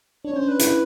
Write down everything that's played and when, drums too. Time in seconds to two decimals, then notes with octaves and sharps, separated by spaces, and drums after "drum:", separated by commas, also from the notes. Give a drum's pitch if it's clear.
0.25 D4 C#5
0.33 C#4
0.36 C5
0.42 D4
0.48 B4
0.59 E4, drum: hi-hat